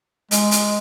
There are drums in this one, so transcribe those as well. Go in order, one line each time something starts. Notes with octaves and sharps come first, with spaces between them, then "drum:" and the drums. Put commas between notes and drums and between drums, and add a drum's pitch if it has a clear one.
G#3, drum: hi-hat
drum: hi-hat